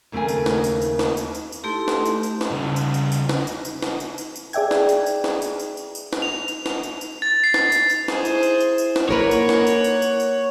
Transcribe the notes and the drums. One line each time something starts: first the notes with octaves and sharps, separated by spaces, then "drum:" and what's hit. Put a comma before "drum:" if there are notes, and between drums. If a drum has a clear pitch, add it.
D#2 C#3 A3 C4 A#4 G#5
drum: tambourine
drum: snare
drum: tambourine
drum: tambourine
drum: snare
drum: tambourine
drum: tambourine
drum: tambourine
A3 D#4 E4 G4 A4 C6
drum: snare
drum: tambourine
drum: tambourine
drum: snare
C#3 G3
drum: tambourine
drum: tambourine
drum: tambourine
drum: snare
drum: tambourine
drum: tambourine
drum: snare
drum: tambourine
drum: tambourine
drum: tambourine
G#4 D5 E5 G5 G#6, drum: tambourine
drum: snare
drum: tambourine
drum: tambourine
drum: snare
drum: tambourine
drum: tambourine
drum: tambourine
drum: tambourine
drum: snare
F7
drum: tambourine
drum: snare
drum: tambourine
drum: tambourine
A6
C7
drum: snare
drum: tambourine
drum: tambourine
E4 G#4 C5, drum: snare
drum: tambourine
drum: tambourine
drum: tambourine
drum: tambourine
drum: snare
A#3 A#4 B4 C#5 F#5
drum: tambourine
drum: snare
drum: tambourine
drum: tambourine
drum: tambourine
drum: tambourine